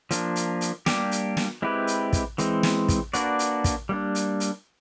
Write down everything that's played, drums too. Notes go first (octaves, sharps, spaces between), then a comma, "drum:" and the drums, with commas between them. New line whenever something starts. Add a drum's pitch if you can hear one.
F3 A#3 D4, drum: hi-hat
drum: hi-hat
drum: hi-hat
G3 A#3 D4 G4, drum: snare
drum: hi-hat
drum: snare
G#3 C4 E4 G4 B4
drum: hi-hat
drum: kick, hi-hat
E3 G#3 C4, drum: hi-hat
drum: snare
drum: kick, hi-hat
A#3 D4 F#4 B4 D5, drum: hi-hat
drum: hi-hat
drum: kick, hi-hat
G3 A#3 D4
drum: hi-hat
drum: hi-hat